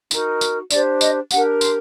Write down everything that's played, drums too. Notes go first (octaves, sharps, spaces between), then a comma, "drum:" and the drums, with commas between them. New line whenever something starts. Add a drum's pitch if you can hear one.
D#4 F#4 A#4, drum: tambourine
drum: tambourine
D4 G4 C5 D5, drum: tambourine
D#5, drum: tambourine
D4 G4 A#4 F#5, drum: tambourine
C6, drum: tambourine